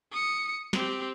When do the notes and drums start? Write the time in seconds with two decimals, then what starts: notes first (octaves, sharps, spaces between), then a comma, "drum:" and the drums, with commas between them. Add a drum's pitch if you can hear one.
0.11 D#6 C#7
0.73 C4 G4, drum: snare